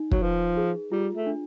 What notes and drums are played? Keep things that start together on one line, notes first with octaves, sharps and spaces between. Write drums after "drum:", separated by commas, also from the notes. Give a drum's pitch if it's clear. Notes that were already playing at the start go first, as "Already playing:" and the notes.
Already playing: D#4
F#3, drum: kick
F3 B4
G#4
G3 F4
A3
D4